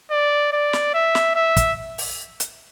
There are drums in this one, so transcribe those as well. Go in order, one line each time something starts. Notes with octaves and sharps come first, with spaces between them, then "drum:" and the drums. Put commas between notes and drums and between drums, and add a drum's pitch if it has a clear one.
D5
D5
drum: snare
E5
drum: snare
E5
drum: kick, hi-hat
drum: open hi-hat
drum: hi-hat